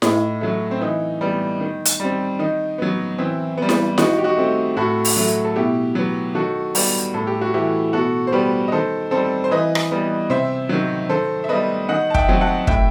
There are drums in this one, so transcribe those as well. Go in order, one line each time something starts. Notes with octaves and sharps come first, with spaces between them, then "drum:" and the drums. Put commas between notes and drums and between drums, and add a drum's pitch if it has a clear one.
A2 D#4, drum: snare E4
F#3 A3
C4
E3 D#4
G3 B3
D#3
drum: hi-hat
G3 C4
D#3 D#4
F#3 B3
E3 C4 E4
G3 B3
drum: snare E4
D#3 D#4 F#4, drum: snare E4
G4
D#4 F#4
A3 C4
A2 F#4 A4
drum: open hi-hat
F#3 A3
A4
B2 E4 G4
F#3 B3
D#3 F#4 A4
G3 B3, drum: open hi-hat
A2 A4
G4
F#4
E3 A3 E4 G4
B2 F#4 A4
C5
G3 B3 G4 B4
D#5
D#3 A4 C5
G3 C4 A4 C5
C5
E3 B4 D#5
drum: rim click
G3 B3
C3 C5 E5
D#3 F#3
D#3 A4 C5
E5
G3 B3 B4 D#5
D#3 D#5 F#5
A5
E5 G5, drum: kick
F#3 C4
F#5 A5
A2 E5 G5, drum: kick